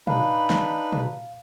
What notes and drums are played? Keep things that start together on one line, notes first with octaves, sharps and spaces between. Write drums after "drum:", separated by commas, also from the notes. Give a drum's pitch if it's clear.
D4 D#4 B4 F5 B5, drum: tom
drum: snare
drum: tom